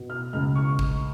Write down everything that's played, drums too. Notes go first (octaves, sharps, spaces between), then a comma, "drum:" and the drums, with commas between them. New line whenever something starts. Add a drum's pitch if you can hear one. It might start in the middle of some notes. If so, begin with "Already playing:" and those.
Already playing: B2
F6
C#2 F6
C#6
drum: kick